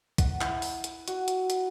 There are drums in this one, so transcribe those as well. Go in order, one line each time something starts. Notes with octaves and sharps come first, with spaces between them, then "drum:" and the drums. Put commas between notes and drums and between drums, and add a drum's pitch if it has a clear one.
F#5, drum: kick, hi-hat
E4, drum: clap
drum: open hi-hat
drum: hi-hat
F#4, drum: hi-hat
drum: hi-hat
drum: hi-hat